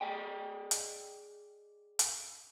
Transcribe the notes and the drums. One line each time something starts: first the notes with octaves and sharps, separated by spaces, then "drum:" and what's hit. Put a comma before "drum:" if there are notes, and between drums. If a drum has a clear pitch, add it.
G#4 D5 D#5 G5
drum: hi-hat
drum: hi-hat